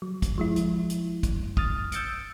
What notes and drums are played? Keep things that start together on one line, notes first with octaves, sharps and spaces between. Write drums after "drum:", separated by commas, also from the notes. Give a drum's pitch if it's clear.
F#3
drum: kick, hi-hat
F3 G#3 E4
drum: hi-hat
drum: hi-hat
drum: kick, hi-hat
D#6 F6 A6, drum: kick
E6 G6 A6 C#7 D7, drum: hi-hat